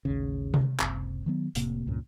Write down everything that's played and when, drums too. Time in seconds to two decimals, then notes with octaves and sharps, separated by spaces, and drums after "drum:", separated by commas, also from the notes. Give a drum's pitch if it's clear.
0.05 A1 D#2 C#3
0.54 drum: tom C3
0.80 F#1 C#2 C3, drum: clap
1.26 D#3 F#3 B3
1.55 F1 A2 C3 A#3, drum: hi-hat
1.87 C#2 G2 A#2 C#3